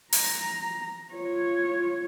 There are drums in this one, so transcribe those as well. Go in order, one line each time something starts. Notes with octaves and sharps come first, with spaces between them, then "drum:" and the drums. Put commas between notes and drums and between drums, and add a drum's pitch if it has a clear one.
A#5, drum: open hi-hat
F4 C#5